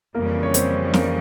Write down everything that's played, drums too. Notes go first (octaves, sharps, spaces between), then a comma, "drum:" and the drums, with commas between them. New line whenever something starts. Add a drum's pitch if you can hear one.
F2 C#3 E3 G3 A#3 A#4
C#5
C4 C5, drum: hi-hat
A#3 A#4, drum: snare